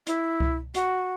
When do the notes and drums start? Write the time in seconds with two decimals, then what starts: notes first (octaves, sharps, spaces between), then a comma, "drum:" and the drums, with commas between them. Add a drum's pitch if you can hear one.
0.07 E4, drum: hi-hat
0.40 drum: kick C2
0.74 F#4, drum: hi-hat